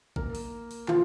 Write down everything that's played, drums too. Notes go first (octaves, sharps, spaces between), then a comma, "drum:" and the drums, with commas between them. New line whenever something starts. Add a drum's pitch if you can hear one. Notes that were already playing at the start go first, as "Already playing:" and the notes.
A#3 A#4, drum: kick A1
drum: open hi-hat
drum: open hi-hat
F3 F4, drum: clap